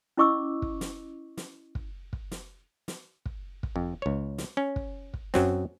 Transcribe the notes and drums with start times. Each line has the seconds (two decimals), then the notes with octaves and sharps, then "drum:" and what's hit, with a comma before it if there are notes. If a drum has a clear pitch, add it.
0.17 C#4 E4 D#5 C#6 D6 E6
0.62 drum: kick
0.81 drum: snare
1.37 drum: snare
1.75 drum: kick
2.13 drum: kick
2.31 drum: snare
2.88 drum: snare
3.26 drum: kick
3.63 drum: kick
3.76 F2
4.02 C#2 C#5
4.38 drum: snare
4.57 C#4
4.76 drum: kick
5.14 drum: kick
5.34 F#2 F#3 C4, drum: snare